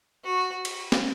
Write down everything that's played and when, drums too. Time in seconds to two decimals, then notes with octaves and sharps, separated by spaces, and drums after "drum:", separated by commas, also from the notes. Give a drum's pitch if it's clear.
0.24 F#4
0.65 drum: cymbal
0.92 drum: snare